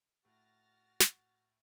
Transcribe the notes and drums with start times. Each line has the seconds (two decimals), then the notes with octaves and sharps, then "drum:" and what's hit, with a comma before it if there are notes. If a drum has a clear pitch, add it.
0.25 A2 F#4 F6 A6 A#6
1.00 drum: snare